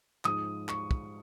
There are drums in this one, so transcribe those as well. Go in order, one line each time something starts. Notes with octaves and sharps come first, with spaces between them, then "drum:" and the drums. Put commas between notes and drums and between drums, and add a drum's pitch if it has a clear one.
G#2 F3 G#3 D#6, drum: clap
C#6, drum: clap
drum: kick